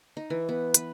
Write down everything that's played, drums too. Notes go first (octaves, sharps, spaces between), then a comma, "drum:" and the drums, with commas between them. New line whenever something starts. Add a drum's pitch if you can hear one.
D#4
E3
B3
B4, drum: hi-hat